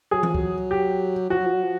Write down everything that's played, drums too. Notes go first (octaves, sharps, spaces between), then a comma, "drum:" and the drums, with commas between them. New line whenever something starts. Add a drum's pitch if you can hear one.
F#3 G#4
F3, drum: tom E3
F#3, drum: kick C#2
G4
F3 F#4
F#3
F3
F#3
F3